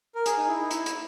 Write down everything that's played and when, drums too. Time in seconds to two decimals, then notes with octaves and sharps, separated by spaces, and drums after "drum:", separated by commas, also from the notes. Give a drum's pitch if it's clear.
0.15 A#4
0.26 G#4, drum: hi-hat
0.38 D#4
0.48 E4
0.61 D#4
0.71 E4, drum: hi-hat
0.86 drum: hi-hat